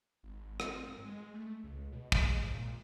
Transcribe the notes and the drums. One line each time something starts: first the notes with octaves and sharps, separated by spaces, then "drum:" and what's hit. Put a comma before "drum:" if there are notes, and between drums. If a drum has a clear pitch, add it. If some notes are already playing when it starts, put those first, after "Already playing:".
G#1
C4, drum: rim click
G#2
G#3
A3
C#2
B2
drum: kick
G#3
G#2
A#2